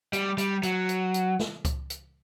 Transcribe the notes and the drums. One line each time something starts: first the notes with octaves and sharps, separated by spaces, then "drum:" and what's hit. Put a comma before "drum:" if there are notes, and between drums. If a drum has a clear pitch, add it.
G3, drum: hi-hat
G3, drum: hi-hat
F#3, drum: hi-hat
drum: hi-hat
drum: hi-hat
drum: snare
drum: kick C#2, hi-hat
drum: hi-hat